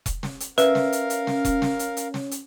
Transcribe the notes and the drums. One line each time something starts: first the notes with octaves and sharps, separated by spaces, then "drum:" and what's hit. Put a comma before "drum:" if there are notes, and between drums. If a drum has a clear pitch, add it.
drum: kick E1, hi-hat
drum: snare
drum: hi-hat
C#4 A#4 B4 E5 F5, drum: hi-hat
drum: snare
drum: hi-hat
drum: hi-hat
drum: snare
drum: kick E1, hi-hat
drum: snare
drum: hi-hat
drum: hi-hat
drum: snare
drum: hi-hat